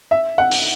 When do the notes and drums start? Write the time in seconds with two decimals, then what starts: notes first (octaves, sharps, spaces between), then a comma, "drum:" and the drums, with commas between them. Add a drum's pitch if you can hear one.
0.11 E5
0.38 F#5
0.51 drum: open hi-hat